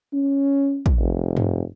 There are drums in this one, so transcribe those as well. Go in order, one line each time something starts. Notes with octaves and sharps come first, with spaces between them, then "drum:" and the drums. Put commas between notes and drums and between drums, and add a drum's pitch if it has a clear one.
C#4
drum: kick
F1
drum: tom G2